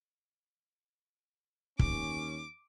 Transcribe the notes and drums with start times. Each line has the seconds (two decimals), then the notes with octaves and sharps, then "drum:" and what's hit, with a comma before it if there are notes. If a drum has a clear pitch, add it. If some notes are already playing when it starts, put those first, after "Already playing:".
1.79 D#2 C#4 D6, drum: kick